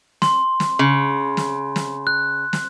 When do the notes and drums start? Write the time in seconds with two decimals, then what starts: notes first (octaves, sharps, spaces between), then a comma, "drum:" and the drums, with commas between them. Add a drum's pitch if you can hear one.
0.22 C6, drum: snare
0.60 drum: snare
0.79 C#3
1.37 drum: snare
1.76 drum: snare
2.07 F#6
2.53 drum: snare